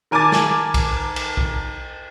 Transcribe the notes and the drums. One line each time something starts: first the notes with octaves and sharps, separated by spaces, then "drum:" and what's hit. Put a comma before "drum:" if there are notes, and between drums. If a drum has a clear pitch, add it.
D#3 A#4 G#5 A5 D6 A6
drum: snare
drum: kick, cymbal
drum: cymbal
drum: kick